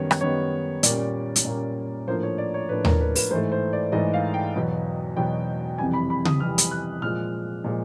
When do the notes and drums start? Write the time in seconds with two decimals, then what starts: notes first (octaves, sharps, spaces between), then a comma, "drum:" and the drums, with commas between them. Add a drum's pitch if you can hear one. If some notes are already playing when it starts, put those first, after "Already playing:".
Already playing: F#2 D#3 G3 B3 C#5
0.11 drum: rim click
0.21 F#2 D#3 G3 B3 C#5
0.83 A#2 G3 A#3 C#4 D5, drum: hi-hat
1.36 drum: hi-hat
1.45 A#2 G3 A#3 C#4
2.07 A2 F3 A#3 D4 C5
2.23 C#5
2.38 D5
2.54 C#5
2.69 A2 F3 A#3 D4 B4
2.85 A#4, drum: tom D#2
3.01 B4
3.15 B4, drum: open hi-hat
3.31 G#2 E3 A3 C5
3.52 C5
3.73 D5
3.92 G#2 E3 A3 D#5
4.14 F5
4.34 G5
4.55 E2 B2 F#3 B3
5.16 E2 B2 F#3 B3 G5
5.78 F2 C3 E3 G3 G#5
5.94 B5
6.10 B5
6.25 D#6, drum: tom C#3
6.40 F2 C3 E3 G3 F6
6.58 drum: hi-hat
6.71 F#6
7.02 A#2 F3 G#3 F6
7.64 A#2 F3 G#3